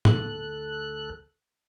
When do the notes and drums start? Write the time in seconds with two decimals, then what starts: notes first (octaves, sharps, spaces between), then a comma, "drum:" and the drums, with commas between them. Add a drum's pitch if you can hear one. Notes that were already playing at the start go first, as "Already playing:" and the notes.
0.05 D2 A4 F#6, drum: tom